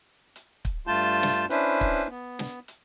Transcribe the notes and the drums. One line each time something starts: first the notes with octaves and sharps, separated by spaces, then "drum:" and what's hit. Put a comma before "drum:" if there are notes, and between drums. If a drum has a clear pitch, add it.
drum: hi-hat
drum: kick, hi-hat
G2 A3 F4 A5 G6
drum: snare
C#4 D4 E4 B4 C5, drum: hi-hat
drum: kick, hi-hat
B3
drum: snare
drum: hi-hat